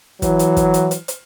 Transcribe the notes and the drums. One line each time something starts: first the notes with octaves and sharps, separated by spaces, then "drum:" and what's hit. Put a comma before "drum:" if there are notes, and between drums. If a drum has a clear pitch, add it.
E3 F#3, drum: kick, hi-hat
drum: hi-hat
drum: kick, hi-hat
drum: hi-hat
drum: hi-hat
drum: hi-hat